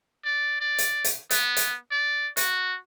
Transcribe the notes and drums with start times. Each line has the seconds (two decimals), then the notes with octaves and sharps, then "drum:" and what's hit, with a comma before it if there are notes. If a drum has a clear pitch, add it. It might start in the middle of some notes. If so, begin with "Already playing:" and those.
0.24 D5
0.60 D5
0.78 drum: hi-hat
1.04 drum: hi-hat
1.30 B3, drum: hi-hat
1.57 drum: hi-hat
1.91 D5
2.37 F#4, drum: hi-hat